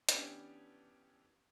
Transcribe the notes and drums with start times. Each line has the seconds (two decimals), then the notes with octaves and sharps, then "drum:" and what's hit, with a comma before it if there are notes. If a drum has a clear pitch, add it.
0.09 E3 B3 C#4 D4 G4, drum: hi-hat